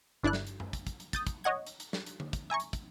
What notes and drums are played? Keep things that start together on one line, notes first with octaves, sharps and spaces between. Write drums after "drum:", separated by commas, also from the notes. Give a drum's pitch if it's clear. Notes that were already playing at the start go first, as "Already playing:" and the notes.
G1 D4 E4 D5 F#6
drum: snare
drum: hi-hat
drum: tom F#2
drum: kick, hi-hat
drum: kick, hi-hat
drum: hi-hat
D#6 G6 A6, drum: kick, hi-hat
drum: kick, hi-hat
C#5 D#5 F#5 G#6
drum: hi-hat
drum: hi-hat
drum: snare
drum: hi-hat
drum: tom D3
drum: kick, hi-hat
E5 G#5 A#5 C#6
drum: hi-hat
drum: kick, hi-hat